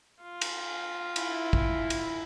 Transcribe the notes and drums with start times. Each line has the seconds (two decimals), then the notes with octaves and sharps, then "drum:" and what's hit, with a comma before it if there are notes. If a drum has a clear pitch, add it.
0.22 F4
0.41 drum: cymbal
1.16 E4, drum: cymbal
1.53 drum: kick
1.90 drum: cymbal